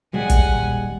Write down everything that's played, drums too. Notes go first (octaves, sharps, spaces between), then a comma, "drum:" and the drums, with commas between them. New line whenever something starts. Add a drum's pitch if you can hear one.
A2 G3 G#3 F#5 G#5
drum: kick, hi-hat
D#1